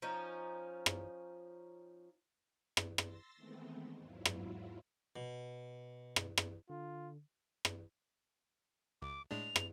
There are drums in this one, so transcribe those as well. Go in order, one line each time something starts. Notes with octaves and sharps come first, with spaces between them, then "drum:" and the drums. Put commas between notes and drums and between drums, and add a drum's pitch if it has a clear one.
F3 C#4 D#4
drum: rim click
drum: rim click
C6 E6 A6 A#6, drum: rim click
D#3 E3 G#3 A3 B3 C4
E2 G#2 F#3 E4 F4
drum: rim click
B2
drum: rim click
drum: rim click
D3 F4
drum: rim click
C#2 D6
A2 G#3 D4 F7
drum: rim click